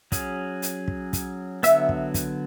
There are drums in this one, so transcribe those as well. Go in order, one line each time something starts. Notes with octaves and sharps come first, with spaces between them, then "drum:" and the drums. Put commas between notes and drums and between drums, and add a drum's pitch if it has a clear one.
F#3 C#4 G#4, drum: kick, hi-hat
drum: hi-hat
drum: kick
drum: kick, hi-hat
D3 F#3 B3 E5, drum: hi-hat
drum: kick
drum: kick, hi-hat